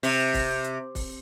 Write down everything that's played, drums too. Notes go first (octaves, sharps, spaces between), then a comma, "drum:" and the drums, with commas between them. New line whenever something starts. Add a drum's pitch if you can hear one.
C3, drum: open hi-hat
drum: kick, open hi-hat
drum: hi-hat
drum: kick, open hi-hat